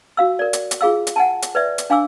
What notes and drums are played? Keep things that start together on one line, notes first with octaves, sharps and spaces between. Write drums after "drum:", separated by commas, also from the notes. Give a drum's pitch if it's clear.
F#4 F5 E6
A#4 D5
drum: hi-hat
drum: hi-hat
F4 G#4 F5 E6
drum: hi-hat
F#5 G#5 A5
drum: hi-hat
B4 D5 E5
drum: hi-hat
D4 F5 G#5 D6 E6